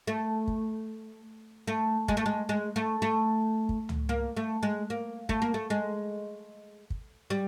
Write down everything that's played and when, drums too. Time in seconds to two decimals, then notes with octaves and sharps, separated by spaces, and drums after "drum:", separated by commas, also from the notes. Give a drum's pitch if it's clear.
0.07 A3
0.48 drum: kick
1.67 A3
2.08 G#3, drum: kick
2.17 A3
2.26 G#3
2.49 G#3
2.76 A3
3.02 A3
3.69 drum: kick
3.89 drum: tom C#2
4.09 A#3
4.37 A3
4.63 G#3
4.90 A#3
5.29 A3, drum: kick
5.42 A#3
5.54 A3
5.70 G#3
6.90 drum: kick
7.30 G3